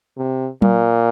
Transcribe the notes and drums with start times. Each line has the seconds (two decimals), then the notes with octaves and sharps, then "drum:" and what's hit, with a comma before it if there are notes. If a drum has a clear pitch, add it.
0.18 C3
0.62 A#2, drum: tom F#3